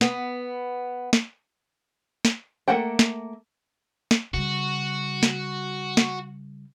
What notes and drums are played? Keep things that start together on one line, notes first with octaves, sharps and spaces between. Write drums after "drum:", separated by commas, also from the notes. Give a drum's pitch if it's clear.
B3, drum: snare
drum: snare
drum: snare
A3 A#3 A4 F#5 G5
drum: snare
drum: snare
C#3 G3 F#4
drum: snare
drum: snare